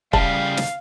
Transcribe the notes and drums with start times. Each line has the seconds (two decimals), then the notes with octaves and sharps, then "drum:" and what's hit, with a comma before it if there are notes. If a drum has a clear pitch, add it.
0.13 C#3 G3 E5 F5 A5, drum: kick
0.57 drum: snare